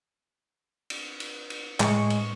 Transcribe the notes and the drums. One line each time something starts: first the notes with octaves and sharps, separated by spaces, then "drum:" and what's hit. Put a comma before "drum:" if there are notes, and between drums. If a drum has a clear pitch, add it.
drum: cymbal
drum: cymbal
drum: cymbal
A2 G#3 C#6, drum: clap
drum: cymbal